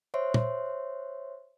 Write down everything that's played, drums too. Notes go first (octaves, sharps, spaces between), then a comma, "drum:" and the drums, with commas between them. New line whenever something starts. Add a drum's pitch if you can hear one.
C5 C#5 E5 C6
drum: tom